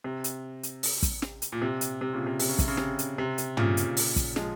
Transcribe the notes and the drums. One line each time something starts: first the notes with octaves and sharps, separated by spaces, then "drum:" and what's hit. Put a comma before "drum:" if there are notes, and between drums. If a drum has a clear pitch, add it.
C3
drum: hi-hat
drum: hi-hat
drum: open hi-hat
drum: kick, hi-hat
drum: snare
drum: hi-hat
A#2
C3
drum: hi-hat
C3
A#2 C#3
C3
C3, drum: open hi-hat
C#3
C3, drum: kick, hi-hat
C#3
C3, drum: snare
drum: hi-hat
C3
drum: hi-hat
A#2 C#3, drum: tom
drum: hi-hat
drum: open hi-hat
drum: kick, hi-hat
F3 G#3, drum: snare